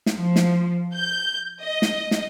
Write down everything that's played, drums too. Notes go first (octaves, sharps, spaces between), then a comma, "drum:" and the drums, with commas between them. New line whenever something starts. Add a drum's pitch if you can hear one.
drum: snare
F3
drum: snare
G6
D#5
drum: snare
drum: snare